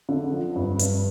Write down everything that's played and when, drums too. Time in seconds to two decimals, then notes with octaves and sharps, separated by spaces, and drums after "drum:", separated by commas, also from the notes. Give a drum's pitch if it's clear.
0.09 D3
0.32 F3
0.56 G2
0.79 G2, drum: hi-hat